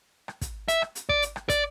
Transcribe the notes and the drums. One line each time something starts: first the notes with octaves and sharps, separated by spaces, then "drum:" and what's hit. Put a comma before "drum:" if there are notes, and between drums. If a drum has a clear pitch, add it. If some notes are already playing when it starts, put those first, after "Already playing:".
drum: rim click
drum: kick, hi-hat
E5, drum: hi-hat
drum: rim click
drum: hi-hat
D5, drum: kick
drum: hi-hat
drum: rim click
D5, drum: kick, hi-hat